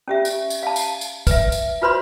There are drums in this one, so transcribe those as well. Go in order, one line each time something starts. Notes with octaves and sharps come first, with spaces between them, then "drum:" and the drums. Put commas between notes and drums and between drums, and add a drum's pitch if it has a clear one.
C#4 G4 E5
drum: tambourine
drum: tambourine
F5 A5
drum: tambourine
drum: tambourine
B4 E5, drum: kick, tambourine
drum: tambourine
F4 F#4 B4 C5 B5 C6